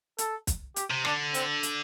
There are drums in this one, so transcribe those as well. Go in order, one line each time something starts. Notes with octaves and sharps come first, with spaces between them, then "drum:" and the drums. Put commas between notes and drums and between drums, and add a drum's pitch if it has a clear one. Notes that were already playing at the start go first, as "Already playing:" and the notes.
A4, drum: hi-hat
drum: kick, hi-hat
G4, drum: hi-hat
C3
D3 D4, drum: rim click
C4, drum: hi-hat
drum: hi-hat